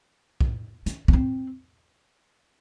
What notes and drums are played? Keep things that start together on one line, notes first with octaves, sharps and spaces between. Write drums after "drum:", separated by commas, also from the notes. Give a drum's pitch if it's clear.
drum: kick
C#4, drum: hi-hat
B3, drum: kick
C4